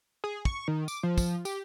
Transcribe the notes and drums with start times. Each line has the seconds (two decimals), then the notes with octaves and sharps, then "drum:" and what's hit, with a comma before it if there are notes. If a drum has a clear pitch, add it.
0.24 G#4
0.45 C#6, drum: kick
0.68 D#3
0.88 D6, drum: tambourine
1.03 F3
1.18 drum: kick, tambourine
1.45 G4, drum: tambourine